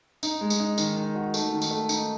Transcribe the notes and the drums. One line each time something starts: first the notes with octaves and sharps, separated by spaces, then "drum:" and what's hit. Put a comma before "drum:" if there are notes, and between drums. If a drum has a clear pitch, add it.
D#4, drum: tambourine
G#3
drum: tambourine
D#4
D#3, drum: tambourine
D#3
F#4
A3, drum: tambourine
D#3
drum: tambourine
A3
D#4, drum: tambourine